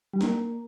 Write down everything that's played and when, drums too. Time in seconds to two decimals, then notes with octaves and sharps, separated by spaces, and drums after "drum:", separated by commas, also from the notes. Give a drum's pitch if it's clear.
0.13 G3
0.21 A#3, drum: snare